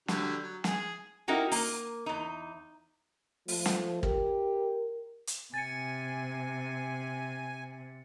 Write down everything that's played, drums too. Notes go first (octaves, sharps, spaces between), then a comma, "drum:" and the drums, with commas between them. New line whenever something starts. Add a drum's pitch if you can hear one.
D3 F#3 G3, drum: snare
F#3
G#4, drum: snare
C#4 D#4 E4 F#4 G4 A#4
A#3, drum: open hi-hat
E2 D#4
F3 A3, drum: open hi-hat
drum: snare
G4 A#4, drum: kick
drum: hi-hat
C3 G#5 A6 C#7